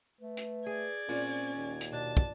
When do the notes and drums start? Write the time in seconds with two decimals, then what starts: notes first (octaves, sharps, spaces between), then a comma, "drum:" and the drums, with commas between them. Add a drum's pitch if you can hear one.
0.21 A3 B4
0.37 drum: hi-hat
0.67 G#4 D5 G#6
1.09 A#2 C4 C#4, drum: open hi-hat
1.56 D#2
1.81 drum: hi-hat
1.92 B2 D4 A5
2.17 drum: kick